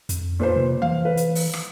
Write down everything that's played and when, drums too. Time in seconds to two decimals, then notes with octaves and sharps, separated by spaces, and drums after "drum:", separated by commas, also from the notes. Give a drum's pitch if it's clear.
0.09 F2, drum: hi-hat
0.40 A#2 B4 C5
0.56 C3
0.82 E3 F5
1.05 B4
1.17 drum: hi-hat
1.35 drum: open hi-hat
1.53 drum: rim click